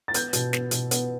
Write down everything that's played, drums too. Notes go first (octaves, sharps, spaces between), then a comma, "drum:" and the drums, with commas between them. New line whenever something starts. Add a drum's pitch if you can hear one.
A6
B3 G6, drum: hi-hat
B2, drum: hi-hat
B3, drum: snare
B2, drum: hi-hat
B3, drum: hi-hat